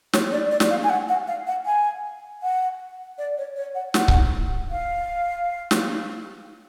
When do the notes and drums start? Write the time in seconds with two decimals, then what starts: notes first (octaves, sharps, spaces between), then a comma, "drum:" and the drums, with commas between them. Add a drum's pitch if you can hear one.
0.13 C#5, drum: snare
0.32 D5
0.51 D5
0.60 drum: snare
0.70 F5
0.84 G#5
0.89 F#5
1.08 F#5
1.27 F5
1.47 F#5
1.66 G#5
2.42 F#5
3.18 D5
3.38 C#5
3.56 C#5
3.75 F#5
3.94 F#5, drum: snare
4.08 drum: kick C#1
4.71 F5
5.71 drum: snare